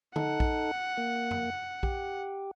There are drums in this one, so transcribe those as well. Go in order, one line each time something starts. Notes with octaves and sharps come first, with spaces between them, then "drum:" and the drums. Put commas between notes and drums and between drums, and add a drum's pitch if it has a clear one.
D#4 A4 F#5, drum: tom D3
drum: kick A#1
A#3
drum: tom F2
G4, drum: kick A#1